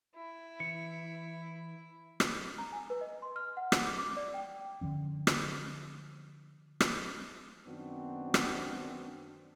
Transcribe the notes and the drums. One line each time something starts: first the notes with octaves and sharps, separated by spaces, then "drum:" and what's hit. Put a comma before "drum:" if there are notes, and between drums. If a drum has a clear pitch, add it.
E4
E3 C#7
drum: rim click
A#5
G#5
B4
D#5
C6
F6
F#5
F#5, drum: rim click
D6
D6
D5
G5
D3 D#3 F3 C#4
drum: rim click
drum: rim click
F#2 D#3 B3 C4 D4 F#4
drum: rim click